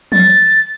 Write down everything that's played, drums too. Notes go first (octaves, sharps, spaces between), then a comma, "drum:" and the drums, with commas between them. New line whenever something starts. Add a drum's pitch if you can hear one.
A6, drum: tom